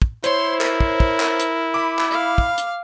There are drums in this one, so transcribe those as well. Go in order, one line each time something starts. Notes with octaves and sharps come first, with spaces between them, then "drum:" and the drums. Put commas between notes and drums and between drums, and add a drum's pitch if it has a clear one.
drum: kick
E4 C5 C#5 C6, drum: hi-hat
A#4, drum: clap
drum: kick
drum: kick
drum: clap
drum: hi-hat
B5 D6
drum: clap
F5
drum: kick
drum: hi-hat